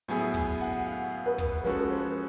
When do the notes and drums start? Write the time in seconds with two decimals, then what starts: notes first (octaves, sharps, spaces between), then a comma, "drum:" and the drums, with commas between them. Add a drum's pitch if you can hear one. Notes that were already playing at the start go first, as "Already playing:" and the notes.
0.08 A2 F#3 B3 E4 G#4 G#5
0.34 G#5, drum: kick
0.61 F#5
0.86 F5
1.26 B4
1.38 drum: kick
1.64 F3 G#3 C#4 F#4 A4 B4
1.90 C5